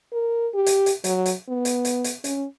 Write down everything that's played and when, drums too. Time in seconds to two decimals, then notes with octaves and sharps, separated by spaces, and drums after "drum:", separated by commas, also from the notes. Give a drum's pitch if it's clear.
0.12 A#4
0.54 G4
0.66 drum: hi-hat
0.86 drum: hi-hat
1.04 F#3, drum: hi-hat
1.26 drum: hi-hat
1.49 B3
1.65 drum: hi-hat
1.85 drum: hi-hat
2.04 drum: hi-hat
2.24 C#4, drum: hi-hat